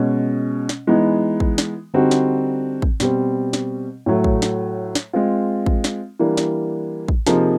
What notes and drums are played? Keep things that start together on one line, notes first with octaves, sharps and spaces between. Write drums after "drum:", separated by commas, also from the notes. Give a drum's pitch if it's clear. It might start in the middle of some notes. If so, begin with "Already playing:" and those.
Already playing: B2 G#3 C#4
drum: snare
E3 G#3 B3 D#4
drum: kick
drum: snare
D3 G3 C4 D#4 F#4
drum: snare
drum: kick
B2 G3 C4, drum: snare
drum: snare
A2 F#3 A3
drum: kick
drum: snare
drum: snare
G#3 C4 F4
drum: kick
drum: snare
E3 G3 A#3 D4
drum: snare
drum: kick
C3 F3 A#3 D#4 G#4, drum: snare